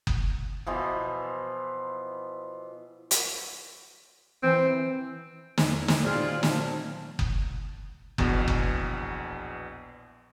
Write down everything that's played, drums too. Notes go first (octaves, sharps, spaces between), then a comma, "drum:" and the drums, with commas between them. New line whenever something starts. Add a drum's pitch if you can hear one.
drum: kick F#1
B2 E3 F3
drum: hi-hat
E3 C4
E2, drum: snare
drum: snare
A#2 F#3 C4 F4 G#4 D5
A5, drum: snare
drum: kick F#1
A#1 E2 B2, drum: kick F#1
drum: kick F#1